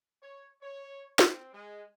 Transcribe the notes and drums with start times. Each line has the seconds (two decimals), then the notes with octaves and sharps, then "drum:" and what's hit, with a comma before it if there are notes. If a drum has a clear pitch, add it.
0.22 C#5
0.62 C#5
1.19 C4, drum: snare
1.53 G#3